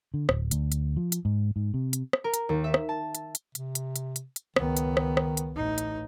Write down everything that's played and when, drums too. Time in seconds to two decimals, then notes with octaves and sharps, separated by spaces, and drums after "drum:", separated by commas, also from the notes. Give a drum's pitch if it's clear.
0.14 D3
0.29 D1, drum: rim click
0.51 D2, drum: hi-hat
0.72 drum: hi-hat
0.96 F3
1.12 drum: hi-hat
1.25 G#2
1.56 G#2
1.74 C3
1.93 drum: hi-hat
2.13 drum: rim click
2.24 A#4
2.34 drum: hi-hat
2.49 D#2
2.64 E5
2.74 drum: rim click
2.89 A5
3.15 drum: hi-hat
3.35 drum: hi-hat
3.55 C3, drum: hi-hat
3.75 drum: hi-hat
3.96 drum: hi-hat
4.16 drum: hi-hat
4.36 drum: hi-hat
4.56 C#2 D#3 B3, drum: rim click
4.77 drum: hi-hat
4.97 drum: rim click
5.17 drum: rim click
5.37 drum: hi-hat
5.56 A1 D#4
5.78 drum: hi-hat